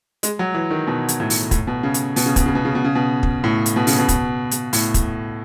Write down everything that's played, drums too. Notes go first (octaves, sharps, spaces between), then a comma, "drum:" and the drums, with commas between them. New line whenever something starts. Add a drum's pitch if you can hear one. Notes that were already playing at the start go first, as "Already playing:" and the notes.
G#3, drum: hi-hat
F#3
E3
D#3
B2
drum: hi-hat
A2
drum: open hi-hat
A2, drum: kick, hi-hat
B2
C#3
drum: hi-hat
B2, drum: open hi-hat
C#3
B2, drum: kick, hi-hat
C#3
B2
C#3
B2
C#3
B2
drum: kick
A2
drum: hi-hat
B2
C#3, drum: open hi-hat
B2
drum: kick, hi-hat
drum: hi-hat
A2, drum: open hi-hat
drum: kick, hi-hat